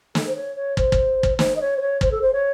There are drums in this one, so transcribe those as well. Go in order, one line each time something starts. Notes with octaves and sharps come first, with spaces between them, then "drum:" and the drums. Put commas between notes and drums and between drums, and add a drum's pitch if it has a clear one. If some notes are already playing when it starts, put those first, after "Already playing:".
A4, drum: snare
C5
C#5
C#5
C5, drum: kick
drum: kick
drum: kick
C5, drum: snare
D#5
C#5
C5
C#5
C5, drum: kick
A4
C5
C#5